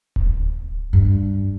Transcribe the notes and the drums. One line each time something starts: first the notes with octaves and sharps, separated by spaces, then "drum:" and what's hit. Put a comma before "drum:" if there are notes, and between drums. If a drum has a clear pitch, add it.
drum: kick D1
G2